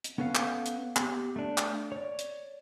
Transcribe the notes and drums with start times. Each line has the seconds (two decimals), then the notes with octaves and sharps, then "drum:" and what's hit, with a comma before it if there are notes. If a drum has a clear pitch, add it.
0.04 drum: hi-hat
0.18 B3 C#4 A4 B4 F5 F#5
0.35 drum: clap
0.66 drum: hi-hat
0.96 B3 G4, drum: clap
1.36 A3 D4
1.58 drum: clap
1.92 C#5 D5
2.19 drum: hi-hat